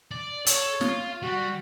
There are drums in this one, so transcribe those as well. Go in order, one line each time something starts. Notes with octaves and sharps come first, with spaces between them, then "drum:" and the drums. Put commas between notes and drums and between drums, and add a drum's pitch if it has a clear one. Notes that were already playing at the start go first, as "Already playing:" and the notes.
D5
A4 C#5, drum: hi-hat
F4, drum: snare
G3 F#4